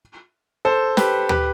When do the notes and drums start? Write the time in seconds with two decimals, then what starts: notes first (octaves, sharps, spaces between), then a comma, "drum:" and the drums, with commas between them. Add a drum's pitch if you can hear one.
0.65 A4 C5
0.97 G4 B4, drum: snare
1.29 G4 B4, drum: tom D2